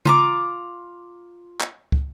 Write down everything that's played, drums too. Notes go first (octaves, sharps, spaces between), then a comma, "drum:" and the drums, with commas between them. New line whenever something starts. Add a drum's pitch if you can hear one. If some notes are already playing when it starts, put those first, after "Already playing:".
F4 A#5 D6, drum: tom C#3
drum: clap
drum: kick